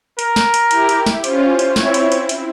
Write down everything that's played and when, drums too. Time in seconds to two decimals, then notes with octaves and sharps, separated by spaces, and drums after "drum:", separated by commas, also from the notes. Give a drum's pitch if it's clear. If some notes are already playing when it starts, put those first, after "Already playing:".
0.19 A#4, drum: hi-hat
0.36 drum: snare
0.54 drum: hi-hat
0.71 E4 G4, drum: hi-hat
0.89 drum: hi-hat
1.06 drum: snare
1.24 C#4 F4 C5, drum: hi-hat
1.59 drum: hi-hat
1.76 C4 E4 C#5, drum: snare
1.94 drum: hi-hat
2.12 drum: hi-hat
2.29 drum: hi-hat